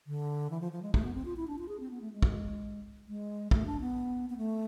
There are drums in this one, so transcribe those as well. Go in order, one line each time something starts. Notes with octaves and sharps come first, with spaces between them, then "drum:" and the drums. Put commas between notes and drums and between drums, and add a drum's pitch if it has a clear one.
D3
E3
F3
F3
G#3
A3, drum: kick
B3
C4
F4
E4
D4
F4
G#4
C4
B3
A3
G#3
drum: kick
G#3
A3, drum: kick
D4
B3
B3
A3